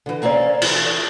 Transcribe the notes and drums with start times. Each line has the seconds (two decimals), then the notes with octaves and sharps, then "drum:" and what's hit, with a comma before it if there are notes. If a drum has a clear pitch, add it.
0.06 D3 E3
0.23 A#3 C4 C#4 D5
0.62 E3, drum: cymbal